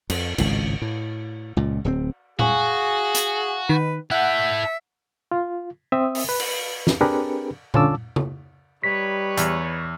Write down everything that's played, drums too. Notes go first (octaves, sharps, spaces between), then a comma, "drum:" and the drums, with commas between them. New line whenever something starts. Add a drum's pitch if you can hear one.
F2, drum: cymbal
G#1 C#2 A2, drum: cymbal
A2
C#2 A#2
D1 D#3 C4
F#4 G#4 F5 G#5 C#6, drum: tom A#2
drum: hi-hat
D#3 B4
E4 A4 E5 F#5 G6
F4
C4 E5 D#6
drum: open hi-hat
B4
drum: cymbal
drum: snare
C4 D4 G4 G#4 A#4 B4
D3 C#4 F4 A5 D6 E6, drum: tom A#2
drum: tom C#3
G3 D#4 B4 C#5 B6
E2, drum: hi-hat